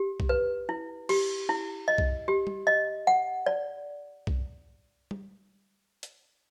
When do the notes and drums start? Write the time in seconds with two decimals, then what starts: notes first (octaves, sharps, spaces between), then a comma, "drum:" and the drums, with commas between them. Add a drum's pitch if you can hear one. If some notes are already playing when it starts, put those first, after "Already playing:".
Already playing: G4
0.20 drum: kick B1
0.29 B4
0.69 E4
1.09 G4, drum: cymbal
1.49 E4
1.88 D#5
1.98 drum: kick B1
2.28 G4
2.47 drum: tom G3
2.67 D#5
3.07 F#5
3.46 D5
4.27 drum: kick B1
5.11 drum: tom G3
6.03 drum: hi-hat